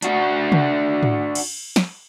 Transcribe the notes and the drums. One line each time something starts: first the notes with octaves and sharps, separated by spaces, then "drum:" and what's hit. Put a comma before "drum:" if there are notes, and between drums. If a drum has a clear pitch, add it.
D4 F#4, drum: hi-hat
drum: tom
drum: tom
drum: cymbal
drum: snare